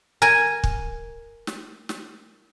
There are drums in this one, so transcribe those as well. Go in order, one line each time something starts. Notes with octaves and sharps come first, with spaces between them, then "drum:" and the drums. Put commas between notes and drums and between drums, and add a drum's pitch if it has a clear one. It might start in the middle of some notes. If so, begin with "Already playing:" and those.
A#4 G#5
drum: kick
drum: snare
drum: snare